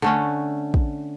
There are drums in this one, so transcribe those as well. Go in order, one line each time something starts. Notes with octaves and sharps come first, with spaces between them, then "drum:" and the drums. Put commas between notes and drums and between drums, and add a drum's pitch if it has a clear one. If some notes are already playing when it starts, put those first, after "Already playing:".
D3 A3 C#4
drum: kick